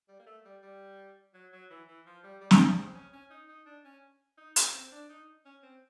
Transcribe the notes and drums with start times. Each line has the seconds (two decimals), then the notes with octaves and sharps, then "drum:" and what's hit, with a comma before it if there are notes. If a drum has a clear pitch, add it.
0.09 G3
0.19 A#3
0.27 A3
0.45 G3
0.63 G3
1.34 F#3
1.53 F#3
1.70 E3
1.88 E3
2.06 F3
2.24 G3
2.41 G3
2.51 F#3, drum: snare
2.59 F3
2.68 G3
2.77 C4
2.95 C#4
3.13 C#4
3.31 D#4
3.48 D#4
3.66 D4
3.85 C#4
4.38 D#4
4.56 C#4, drum: hi-hat
4.74 C4
4.92 D4
5.09 D#4
5.45 C#4
5.63 C4